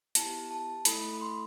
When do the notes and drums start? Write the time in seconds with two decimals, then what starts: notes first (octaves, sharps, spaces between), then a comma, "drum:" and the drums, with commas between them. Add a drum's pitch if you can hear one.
0.15 B3 E4 G4 A5, drum: hi-hat
0.51 A5
0.85 A3 E4 A4 B5, drum: hi-hat
1.13 B5
1.21 C6